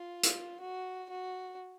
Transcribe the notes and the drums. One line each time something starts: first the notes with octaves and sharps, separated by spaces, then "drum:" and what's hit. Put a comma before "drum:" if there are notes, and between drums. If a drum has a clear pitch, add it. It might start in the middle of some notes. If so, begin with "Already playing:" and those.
Already playing: F4
drum: hi-hat
F#4
F#4